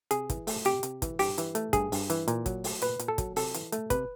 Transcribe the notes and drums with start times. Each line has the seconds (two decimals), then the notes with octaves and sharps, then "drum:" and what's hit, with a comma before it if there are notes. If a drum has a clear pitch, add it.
0.11 C3 G#4, drum: hi-hat
0.30 E3, drum: kick, hi-hat
0.47 A3, drum: open hi-hat
0.65 C3 G4, drum: hi-hat
0.83 C3, drum: hi-hat
1.02 E3, drum: kick, hi-hat
1.19 G2 G4, drum: open hi-hat
1.38 E3, drum: hi-hat
1.55 A3, drum: hi-hat
1.73 G2 G#4, drum: kick, hi-hat
1.92 G2, drum: open hi-hat
2.10 E3, drum: hi-hat
2.28 A#2, drum: hi-hat
2.46 F#3, drum: kick, hi-hat
2.64 A3, drum: open hi-hat
2.82 A#2 B4, drum: hi-hat
2.99 A#2, drum: hi-hat
3.08 A4
3.18 F#3, drum: kick, hi-hat
3.36 C3 A4, drum: open hi-hat
3.54 E3, drum: hi-hat
3.72 A3, drum: hi-hat
3.90 C3 B4, drum: kick, hi-hat